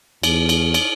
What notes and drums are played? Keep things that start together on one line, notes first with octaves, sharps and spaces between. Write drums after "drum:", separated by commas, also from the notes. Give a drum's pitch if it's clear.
E2, drum: cymbal
drum: cymbal
drum: cymbal